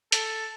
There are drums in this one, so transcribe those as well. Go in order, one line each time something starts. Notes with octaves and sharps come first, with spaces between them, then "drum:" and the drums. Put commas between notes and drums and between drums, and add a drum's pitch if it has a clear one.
A4, drum: hi-hat